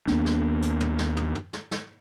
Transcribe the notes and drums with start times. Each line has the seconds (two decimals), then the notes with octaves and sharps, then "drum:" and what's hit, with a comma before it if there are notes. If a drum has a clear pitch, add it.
0.08 D#2 A#3 B3 D4, drum: snare
0.26 drum: snare
0.62 drum: hi-hat
0.80 drum: tom
0.99 drum: snare
1.17 drum: tom
1.35 drum: tom
1.53 drum: snare
1.71 drum: snare